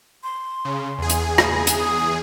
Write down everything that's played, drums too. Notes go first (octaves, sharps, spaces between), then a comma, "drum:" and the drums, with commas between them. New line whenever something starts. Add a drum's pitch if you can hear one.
C6
C#3
E2 G#4
drum: hi-hat
drum: rim click
drum: hi-hat
D#6